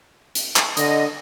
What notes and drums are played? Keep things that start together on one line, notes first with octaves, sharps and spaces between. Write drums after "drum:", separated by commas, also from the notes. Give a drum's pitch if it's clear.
drum: hi-hat
drum: clap
D3 D#5, drum: hi-hat